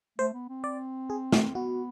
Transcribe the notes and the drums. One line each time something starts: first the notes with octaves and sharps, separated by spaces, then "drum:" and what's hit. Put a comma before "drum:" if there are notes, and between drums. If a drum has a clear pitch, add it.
A3 C5
B3
C4
D5
G#4
F#4, drum: snare
B3 F#4